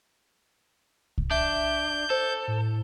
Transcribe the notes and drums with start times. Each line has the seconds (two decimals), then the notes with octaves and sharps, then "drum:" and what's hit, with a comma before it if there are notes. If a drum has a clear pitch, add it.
1.18 drum: kick C2
1.31 D4 E5 G6
2.10 A4 C5
2.48 A2